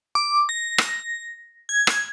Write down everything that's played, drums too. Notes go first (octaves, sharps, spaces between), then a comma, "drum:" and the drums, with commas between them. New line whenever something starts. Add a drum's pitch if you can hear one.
D6
A#6
drum: rim click
G#6
drum: rim click